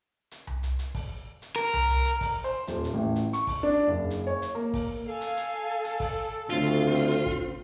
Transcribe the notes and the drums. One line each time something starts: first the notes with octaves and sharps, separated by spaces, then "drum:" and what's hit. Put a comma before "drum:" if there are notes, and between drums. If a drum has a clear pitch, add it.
drum: hi-hat
drum: tom C2
drum: hi-hat
drum: hi-hat
drum: kick, open hi-hat
drum: hi-hat
A#4, drum: hi-hat
drum: tom C2
drum: hi-hat
drum: hi-hat
drum: kick, open hi-hat
C5
D#1, drum: hi-hat
drum: hi-hat
A1
drum: hi-hat
C#6, drum: hi-hat
drum: kick, open hi-hat
D4
F#1
drum: hi-hat
C#5
drum: hi-hat
A#3
drum: kick, open hi-hat
A4 F5 G#5
drum: hi-hat
drum: hi-hat
drum: hi-hat
drum: kick, open hi-hat
D2 C#3 C4 F4, drum: hi-hat
drum: hi-hat
drum: hi-hat
drum: hi-hat
drum: kick